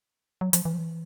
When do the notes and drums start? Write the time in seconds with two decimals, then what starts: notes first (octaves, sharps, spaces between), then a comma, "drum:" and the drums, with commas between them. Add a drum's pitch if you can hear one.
0.41 F#3
0.53 F3, drum: hi-hat
0.65 E3
0.74 F3
0.78 E3